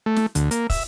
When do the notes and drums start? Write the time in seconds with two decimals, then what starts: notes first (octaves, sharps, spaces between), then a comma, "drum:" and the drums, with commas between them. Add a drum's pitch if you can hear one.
0.06 A3
0.16 drum: snare
0.35 D2, drum: hi-hat
0.51 A#3, drum: hi-hat
0.70 E5, drum: kick, open hi-hat